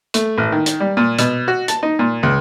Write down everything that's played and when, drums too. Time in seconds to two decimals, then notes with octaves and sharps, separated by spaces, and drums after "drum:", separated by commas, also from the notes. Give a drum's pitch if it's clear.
0.14 A3, drum: hi-hat
0.38 A1
0.52 D#3
0.66 drum: hi-hat
0.80 G3
0.97 A#2
1.19 B2, drum: hi-hat
1.48 F#4
1.68 A5, drum: hi-hat
1.83 D#4
1.99 A#2
2.23 C#2